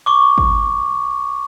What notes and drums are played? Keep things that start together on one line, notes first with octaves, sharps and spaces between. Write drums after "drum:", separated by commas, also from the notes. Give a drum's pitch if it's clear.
C#6 D6
drum: kick